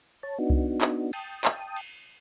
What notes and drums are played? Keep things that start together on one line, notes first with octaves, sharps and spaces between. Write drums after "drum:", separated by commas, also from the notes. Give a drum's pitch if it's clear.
C#5 A5
B3 D4 D#4 F#4
drum: kick C2
drum: clap
G5 A5 D#6, drum: cymbal
drum: clap
drum: cymbal